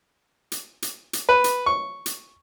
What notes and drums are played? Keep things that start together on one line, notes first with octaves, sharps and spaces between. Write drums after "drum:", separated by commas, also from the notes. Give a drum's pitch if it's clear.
drum: hi-hat
drum: hi-hat
drum: hi-hat
B4
drum: hi-hat
C#6
drum: hi-hat